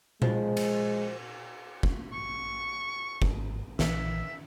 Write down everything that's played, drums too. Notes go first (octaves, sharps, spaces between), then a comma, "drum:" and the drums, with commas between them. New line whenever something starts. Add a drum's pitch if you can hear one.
F3 G#3, drum: tom A#2
drum: cymbal
drum: kick
C#6
G#1, drum: kick
A#1 E3 E5, drum: snare